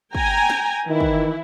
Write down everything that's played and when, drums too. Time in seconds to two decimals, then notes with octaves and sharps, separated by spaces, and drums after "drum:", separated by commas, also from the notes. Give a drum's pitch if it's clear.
0.15 G5 G#5 A#5, drum: kick
0.50 drum: snare
0.87 D#3 E3 E4
1.00 drum: kick